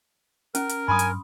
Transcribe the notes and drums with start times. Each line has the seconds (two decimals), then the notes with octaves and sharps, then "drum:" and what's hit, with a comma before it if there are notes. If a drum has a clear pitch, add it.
0.55 C#4 A#4, drum: hi-hat
0.69 drum: hi-hat
0.88 G2 F#3 G#5 B5 C6 D#6
0.99 drum: hi-hat